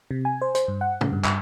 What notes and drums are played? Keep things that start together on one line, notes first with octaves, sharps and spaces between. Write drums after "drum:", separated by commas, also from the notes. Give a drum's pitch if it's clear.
C3
G#5
C5
C5, drum: hi-hat
G2
F#5
C#3, drum: tom
G2
G2, drum: clap